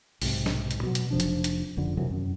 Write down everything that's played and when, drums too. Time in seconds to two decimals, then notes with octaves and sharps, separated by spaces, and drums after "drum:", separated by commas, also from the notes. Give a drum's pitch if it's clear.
0.22 B1 G#2 C3, drum: open hi-hat
0.46 drum: snare
0.71 drum: hi-hat
0.83 B2 F#3
0.95 drum: hi-hat
1.11 F1 F3 D4
1.20 drum: hi-hat
1.44 drum: hi-hat
1.77 F#1 F2 D3
1.97 C3 D#3 E3 F#3
2.10 F#2